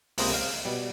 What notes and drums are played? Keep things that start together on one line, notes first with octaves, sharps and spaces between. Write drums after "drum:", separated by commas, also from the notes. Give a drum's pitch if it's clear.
C#2 C3 G#3 A#3 C5 D#5, drum: open hi-hat
F5
B2 G3